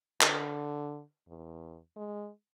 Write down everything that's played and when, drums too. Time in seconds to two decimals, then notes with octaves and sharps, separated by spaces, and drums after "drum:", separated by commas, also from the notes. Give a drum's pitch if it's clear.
0.21 D3, drum: clap
1.28 E2
1.96 G#3